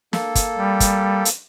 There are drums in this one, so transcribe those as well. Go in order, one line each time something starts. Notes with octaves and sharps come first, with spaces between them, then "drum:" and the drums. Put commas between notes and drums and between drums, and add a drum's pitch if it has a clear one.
A#3 A4, drum: snare
drum: kick, hi-hat
G3
drum: kick, hi-hat
drum: hi-hat